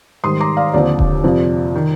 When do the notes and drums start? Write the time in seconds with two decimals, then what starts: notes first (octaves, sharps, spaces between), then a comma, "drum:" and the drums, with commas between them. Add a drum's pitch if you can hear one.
0.24 G#2 D#3 G3 C6 D#6
0.40 A#5 D6
0.57 D5 F5
0.74 D#2 D3 F3 C4 D5
0.99 drum: kick D#1
1.24 F2 C3 F3
1.75 D#3